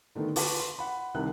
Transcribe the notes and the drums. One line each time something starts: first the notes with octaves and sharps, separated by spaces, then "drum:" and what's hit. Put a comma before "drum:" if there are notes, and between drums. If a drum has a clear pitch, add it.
D3 D#3 A3 B3
F4 B4 F5 A5 C#6 D6, drum: open hi-hat
C6
F#5 B5
C2 C3 D#3 F#6